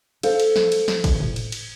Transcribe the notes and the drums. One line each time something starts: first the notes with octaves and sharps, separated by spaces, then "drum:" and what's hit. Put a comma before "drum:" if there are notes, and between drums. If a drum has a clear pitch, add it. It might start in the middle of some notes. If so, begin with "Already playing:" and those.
A4 C5 F5, drum: cymbal
drum: cymbal
drum: snare
drum: cymbal
drum: snare
drum: kick, cymbal
drum: tom A2
drum: cymbal
drum: cymbal